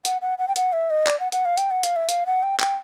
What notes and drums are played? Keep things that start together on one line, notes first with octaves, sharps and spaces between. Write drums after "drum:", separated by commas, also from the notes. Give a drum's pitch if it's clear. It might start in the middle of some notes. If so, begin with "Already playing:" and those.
F#5, drum: hi-hat
F#5
F#5
G5
F#5, drum: hi-hat
E5
D#5
D5, drum: clap
F#5
F#5, drum: hi-hat
F5
G5, drum: hi-hat
F#5
F5, drum: hi-hat
E5
F5, drum: hi-hat
F#5
G5
G5, drum: clap